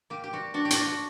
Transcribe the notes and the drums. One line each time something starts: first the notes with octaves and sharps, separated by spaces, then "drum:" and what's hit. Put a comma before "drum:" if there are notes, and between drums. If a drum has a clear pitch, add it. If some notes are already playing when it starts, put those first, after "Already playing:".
A#3 G4
G4
G3 F#4
D4 F#4
G4
D4 F#4, drum: hi-hat
F#4